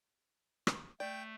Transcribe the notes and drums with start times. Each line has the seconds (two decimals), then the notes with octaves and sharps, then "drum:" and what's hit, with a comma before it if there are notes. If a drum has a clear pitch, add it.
0.67 drum: rim click
1.00 A3 D5 G5